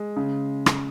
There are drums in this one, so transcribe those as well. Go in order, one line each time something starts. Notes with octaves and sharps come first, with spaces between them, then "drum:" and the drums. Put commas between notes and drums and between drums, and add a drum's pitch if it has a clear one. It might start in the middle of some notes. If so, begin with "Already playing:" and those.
Already playing: G#3
C#3
drum: rim click